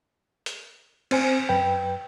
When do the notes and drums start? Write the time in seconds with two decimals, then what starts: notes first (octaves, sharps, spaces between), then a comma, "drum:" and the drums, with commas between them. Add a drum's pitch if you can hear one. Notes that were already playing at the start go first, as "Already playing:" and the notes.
0.46 drum: hi-hat
1.11 C4 C5 G#5, drum: cymbal
1.49 F#2 B4 G5